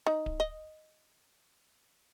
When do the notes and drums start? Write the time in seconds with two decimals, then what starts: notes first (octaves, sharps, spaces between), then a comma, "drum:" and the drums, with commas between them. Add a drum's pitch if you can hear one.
0.06 D#4
0.26 drum: kick D1
0.40 D#5